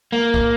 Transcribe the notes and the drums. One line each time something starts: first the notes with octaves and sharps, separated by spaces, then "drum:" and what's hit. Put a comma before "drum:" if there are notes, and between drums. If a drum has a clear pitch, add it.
A#3
drum: kick